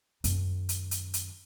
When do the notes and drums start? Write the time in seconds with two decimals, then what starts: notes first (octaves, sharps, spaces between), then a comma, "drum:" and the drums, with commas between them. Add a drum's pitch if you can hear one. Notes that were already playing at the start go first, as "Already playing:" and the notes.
0.24 F#2 D#3, drum: hi-hat
0.69 drum: hi-hat
0.91 drum: hi-hat
1.14 drum: hi-hat